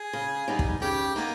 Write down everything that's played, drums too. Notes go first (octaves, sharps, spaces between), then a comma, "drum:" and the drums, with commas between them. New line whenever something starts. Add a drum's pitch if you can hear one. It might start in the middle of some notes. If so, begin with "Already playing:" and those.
Already playing: G#4
C#3
G3 B3 D#4
drum: kick
C#3 G4
A#3 B3 D#4